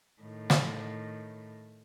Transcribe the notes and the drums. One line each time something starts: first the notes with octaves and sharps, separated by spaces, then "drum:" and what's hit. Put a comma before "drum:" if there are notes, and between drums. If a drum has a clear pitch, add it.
A2 D#3
drum: snare